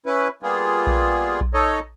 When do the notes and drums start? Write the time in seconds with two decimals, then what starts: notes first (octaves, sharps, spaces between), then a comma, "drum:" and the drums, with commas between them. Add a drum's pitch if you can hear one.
0.06 C#4 E4 B4
0.43 G3 A#3 B3 F4 G#4
0.87 drum: kick A#1
1.41 drum: kick A#1
1.54 D#4 A4 C#5 D#5